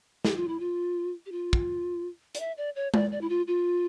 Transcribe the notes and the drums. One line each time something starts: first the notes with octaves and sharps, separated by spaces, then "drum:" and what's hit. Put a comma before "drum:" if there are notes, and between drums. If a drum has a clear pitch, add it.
G4, drum: snare
F4
E4
F4
G4
F4
drum: kick
D5, drum: hi-hat
E5
D5
C#5
D5, drum: tom G#3
D5
E4
F4
F4